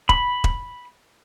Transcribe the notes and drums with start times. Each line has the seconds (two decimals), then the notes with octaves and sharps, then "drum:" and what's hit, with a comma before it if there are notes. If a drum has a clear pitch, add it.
0.09 B5, drum: kick E1
0.44 drum: kick E1